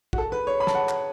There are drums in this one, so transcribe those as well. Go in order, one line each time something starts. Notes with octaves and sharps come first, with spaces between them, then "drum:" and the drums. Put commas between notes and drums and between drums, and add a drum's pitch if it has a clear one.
F#4, drum: kick
A4
B4
C#5
B5
A5, drum: snare
F#5
drum: clap